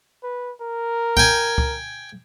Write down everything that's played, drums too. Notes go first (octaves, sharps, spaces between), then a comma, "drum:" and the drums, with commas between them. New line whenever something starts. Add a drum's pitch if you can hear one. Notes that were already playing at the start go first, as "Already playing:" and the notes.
B4
A#4
G5 G#5, drum: kick C#2
drum: kick C#2